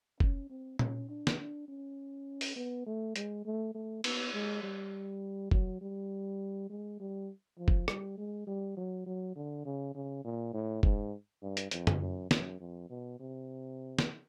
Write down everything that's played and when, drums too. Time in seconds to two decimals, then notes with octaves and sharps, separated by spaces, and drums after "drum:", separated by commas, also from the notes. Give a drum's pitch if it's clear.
0.20 C#4, drum: kick
0.50 C4
0.79 C#4, drum: tom A#2
1.09 D4
1.27 drum: snare
1.38 D4
1.68 C#4
2.41 drum: open hi-hat
2.56 B3
2.86 A3
3.16 G#3, drum: hi-hat
3.45 A3
3.75 A3
4.04 B3, drum: cymbal
4.34 G#3
4.63 G3
5.51 F#3, drum: kick
5.81 G3
6.69 G#3
7.00 G3
7.58 F3
7.68 drum: kick
7.88 G3, drum: rim click
8.18 G#3
8.47 G3
8.77 F#3
9.06 F#3
9.36 D3
9.65 C#3
9.95 C#3
10.24 A#2
10.54 A2
10.83 G#2, drum: kick
11.42 G2
11.57 drum: hi-hat
11.71 F2, drum: hi-hat
11.87 drum: tom F#2
12.01 F#2
12.31 F#2, drum: snare
12.60 F2
12.90 B2
13.20 C3
13.99 drum: snare